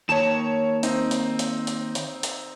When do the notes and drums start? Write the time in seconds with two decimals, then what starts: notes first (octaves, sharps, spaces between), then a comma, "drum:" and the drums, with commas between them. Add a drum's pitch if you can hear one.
0.09 D#3 A#3 C#5 A5 E7
0.83 C4 D#4, drum: hi-hat
1.11 drum: hi-hat
1.39 drum: hi-hat
1.67 drum: hi-hat
1.95 drum: hi-hat
2.23 drum: hi-hat